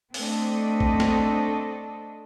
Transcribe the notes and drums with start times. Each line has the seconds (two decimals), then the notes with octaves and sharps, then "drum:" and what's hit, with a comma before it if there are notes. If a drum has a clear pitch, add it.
0.14 A3 C4 D4 A4 D#5, drum: open hi-hat
0.80 drum: kick A#1
1.00 drum: snare